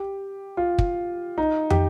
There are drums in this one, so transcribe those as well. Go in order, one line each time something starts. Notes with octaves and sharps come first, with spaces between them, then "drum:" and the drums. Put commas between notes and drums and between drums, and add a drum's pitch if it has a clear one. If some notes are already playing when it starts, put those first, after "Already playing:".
Already playing: G4
F4
drum: kick
D#4
G4, drum: tom